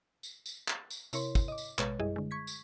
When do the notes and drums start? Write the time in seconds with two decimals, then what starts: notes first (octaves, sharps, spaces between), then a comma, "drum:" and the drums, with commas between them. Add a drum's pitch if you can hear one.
0.23 drum: tambourine
0.46 drum: tambourine
0.68 drum: clap
0.90 drum: tambourine
1.13 C3 E4 A#4 C#5 C6, drum: tambourine
1.35 drum: kick, tambourine
1.48 D#5 D6
1.58 drum: tambourine
1.78 A1 B2 G#3 B4 C#5, drum: clap
1.99 F#2 G3 E4 G#4 D#5
2.16 D3 G#3
2.31 C#6 G#6 B6
2.47 drum: tambourine